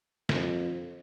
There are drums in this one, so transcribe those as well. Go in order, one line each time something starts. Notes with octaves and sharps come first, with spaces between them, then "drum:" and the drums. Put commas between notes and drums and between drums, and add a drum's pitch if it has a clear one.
F2, drum: snare